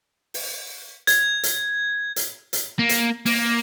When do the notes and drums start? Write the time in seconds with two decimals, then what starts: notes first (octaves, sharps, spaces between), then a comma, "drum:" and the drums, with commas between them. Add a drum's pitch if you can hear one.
0.34 drum: open hi-hat
1.07 G#6, drum: hi-hat
1.43 drum: hi-hat
2.16 drum: hi-hat
2.53 drum: hi-hat
2.79 A#3
2.89 drum: hi-hat
3.26 A#3, drum: open hi-hat